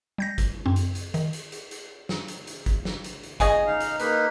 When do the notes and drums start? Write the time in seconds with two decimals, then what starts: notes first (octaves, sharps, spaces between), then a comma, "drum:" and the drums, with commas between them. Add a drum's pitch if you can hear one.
0.18 G3 G6 A#6
0.38 drum: kick G1, hi-hat
0.66 F#2 C4
0.76 drum: hi-hat
0.95 drum: hi-hat
1.14 D#3, drum: hi-hat
1.33 drum: hi-hat
1.52 drum: hi-hat
1.71 drum: hi-hat
2.09 drum: snare
2.28 drum: hi-hat
2.47 drum: hi-hat
2.66 drum: kick G1, hi-hat
2.85 drum: snare
3.04 drum: hi-hat
3.23 drum: hi-hat
3.40 C#3 G#4 D#5, drum: kick G1, hi-hat
3.66 D#4 F5
3.80 drum: hi-hat
3.99 A#3 D#4 B4, drum: hi-hat